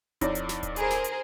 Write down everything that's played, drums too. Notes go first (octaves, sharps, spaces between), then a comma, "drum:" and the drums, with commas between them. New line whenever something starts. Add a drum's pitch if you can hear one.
F2 D#4 E4 C#5 D5, drum: kick D1, hi-hat
drum: hi-hat
drum: snare
drum: kick D1, hi-hat
G#4 A#4 C5, drum: hi-hat
drum: snare
drum: hi-hat